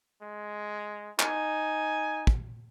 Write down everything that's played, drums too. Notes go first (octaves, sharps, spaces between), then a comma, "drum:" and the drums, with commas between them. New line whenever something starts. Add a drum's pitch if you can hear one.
G#3
D#4 G#5, drum: clap
drum: kick